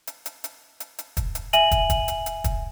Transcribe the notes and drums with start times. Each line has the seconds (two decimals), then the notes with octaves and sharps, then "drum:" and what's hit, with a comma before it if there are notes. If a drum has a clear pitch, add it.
0.07 drum: hi-hat
0.26 drum: hi-hat
0.44 drum: hi-hat
0.80 drum: hi-hat
0.98 drum: hi-hat
1.17 drum: kick, hi-hat
1.35 drum: hi-hat
1.53 E5 G#5 D#7 F#7, drum: hi-hat
1.71 drum: kick, hi-hat
1.90 drum: kick, hi-hat
2.08 drum: hi-hat
2.26 drum: hi-hat
2.44 drum: kick, hi-hat